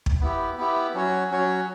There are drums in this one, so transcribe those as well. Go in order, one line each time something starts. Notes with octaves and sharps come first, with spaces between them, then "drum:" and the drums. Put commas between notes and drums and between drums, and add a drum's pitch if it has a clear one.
drum: kick
B3 E4 G4
B3 E4 G4
F#3 C#4 F#4 C#5
F#3 C#4 F#4 C#5